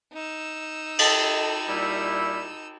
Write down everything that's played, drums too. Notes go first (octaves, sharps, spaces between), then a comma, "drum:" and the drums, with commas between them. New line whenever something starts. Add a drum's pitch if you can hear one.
D#4 E6
A4 D#5, drum: cymbal
A#2 G3 E4